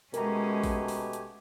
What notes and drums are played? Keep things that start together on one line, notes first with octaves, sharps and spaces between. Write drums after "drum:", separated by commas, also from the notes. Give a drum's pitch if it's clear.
B2 G#3 A3 C#4 G4 A#4 G#5 A#5, drum: hi-hat
drum: kick A1, open hi-hat
drum: open hi-hat
drum: hi-hat